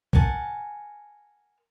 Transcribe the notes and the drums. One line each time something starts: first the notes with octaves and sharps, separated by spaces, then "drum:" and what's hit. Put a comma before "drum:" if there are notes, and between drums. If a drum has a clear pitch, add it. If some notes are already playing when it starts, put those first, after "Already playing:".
A#4 F#5 G#5 A5, drum: kick